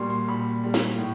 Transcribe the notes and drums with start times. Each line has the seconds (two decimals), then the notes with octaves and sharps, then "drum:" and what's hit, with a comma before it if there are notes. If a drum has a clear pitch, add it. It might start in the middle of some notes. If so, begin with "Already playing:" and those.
Already playing: A#2 G3 A#3 C6 C#6
0.10 C6
0.28 A#2 B5
0.64 G3 A#3
0.74 drum: snare
0.99 A2